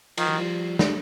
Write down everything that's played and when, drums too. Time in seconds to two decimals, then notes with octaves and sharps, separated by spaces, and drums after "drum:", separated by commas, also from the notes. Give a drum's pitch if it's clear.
0.17 D#3 F3, drum: cymbal
0.28 E3 F#3
0.38 F3 G3
0.79 G3 A3, drum: snare